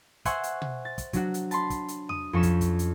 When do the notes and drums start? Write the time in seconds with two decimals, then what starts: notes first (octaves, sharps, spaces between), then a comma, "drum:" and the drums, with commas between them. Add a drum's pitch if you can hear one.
0.25 C5 E5 F#5 G#5 C6 C#6, drum: kick, hi-hat
0.43 drum: hi-hat
0.62 drum: tom B2
0.85 A6
0.98 drum: kick, hi-hat
1.13 F#3 D4 F#4, drum: kick, hi-hat
1.34 drum: hi-hat
1.51 A5 B5 C6, drum: hi-hat
1.70 drum: kick, hi-hat
1.88 drum: hi-hat
2.09 D#6, drum: tom E2
2.33 F2 C#4 C#6 B6 E7
2.43 drum: kick, hi-hat
2.61 drum: kick, hi-hat
2.79 drum: hi-hat